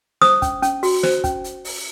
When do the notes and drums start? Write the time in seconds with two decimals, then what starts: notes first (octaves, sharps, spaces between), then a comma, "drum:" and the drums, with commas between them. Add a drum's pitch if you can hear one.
0.22 C5 D#6, drum: snare
0.42 C#4, drum: kick, hi-hat
0.63 C#4, drum: hi-hat
0.83 F#4, drum: open hi-hat
1.03 C5, drum: snare
1.24 C#4, drum: kick, hi-hat
1.44 drum: hi-hat
1.65 drum: open hi-hat